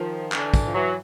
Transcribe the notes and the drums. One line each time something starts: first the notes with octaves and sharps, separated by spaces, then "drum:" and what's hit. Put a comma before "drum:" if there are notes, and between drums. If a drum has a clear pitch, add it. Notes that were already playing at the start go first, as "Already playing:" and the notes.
Already playing: D#3 F3
D3 E3, drum: clap
drum: kick, tambourine
F3
E3 F#3